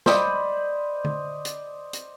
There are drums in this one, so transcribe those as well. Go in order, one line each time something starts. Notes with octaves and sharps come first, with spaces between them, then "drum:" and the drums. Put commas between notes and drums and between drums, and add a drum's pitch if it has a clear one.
C5 D5 D#5 B5, drum: snare
drum: tom D3
drum: hi-hat
drum: hi-hat